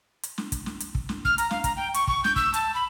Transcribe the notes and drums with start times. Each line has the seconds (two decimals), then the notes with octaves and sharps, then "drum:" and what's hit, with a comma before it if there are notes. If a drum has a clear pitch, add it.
0.23 drum: hi-hat
0.38 drum: snare
0.52 drum: kick, hi-hat
0.66 drum: snare
0.80 drum: hi-hat
0.95 drum: kick
1.09 drum: snare
1.25 F6, drum: kick
1.38 A#5, drum: hi-hat
1.51 F5, drum: snare
1.64 A#5, drum: kick, hi-hat
1.77 G5
1.94 C#6, drum: hi-hat
2.07 C#6, drum: kick
2.24 G6, drum: snare
2.36 E6, drum: kick
2.54 A5, drum: hi-hat
2.74 B5